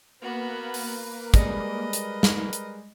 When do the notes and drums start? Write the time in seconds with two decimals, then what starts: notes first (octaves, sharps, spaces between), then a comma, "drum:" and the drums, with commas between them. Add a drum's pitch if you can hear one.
0.22 A#3 B3 F#4 A#4 B4
0.74 drum: open hi-hat
1.34 G3 G#3 D#5, drum: kick, hi-hat
1.93 drum: hi-hat
2.23 drum: snare
2.53 drum: hi-hat